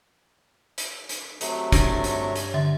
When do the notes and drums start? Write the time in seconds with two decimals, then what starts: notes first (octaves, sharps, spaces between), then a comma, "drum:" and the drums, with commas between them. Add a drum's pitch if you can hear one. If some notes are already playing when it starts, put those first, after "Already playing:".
0.78 drum: hi-hat
1.09 drum: hi-hat
1.41 C3 F#3 A3, drum: hi-hat
1.72 G2 C#5, drum: kick, hi-hat
2.04 drum: hi-hat
2.36 drum: hi-hat
2.54 D3 E5 A6